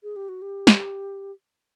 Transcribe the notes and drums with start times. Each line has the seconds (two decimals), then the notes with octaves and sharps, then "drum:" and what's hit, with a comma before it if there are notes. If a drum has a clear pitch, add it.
0.03 G#4
0.16 G4
0.29 F#4
0.42 G4
0.67 drum: snare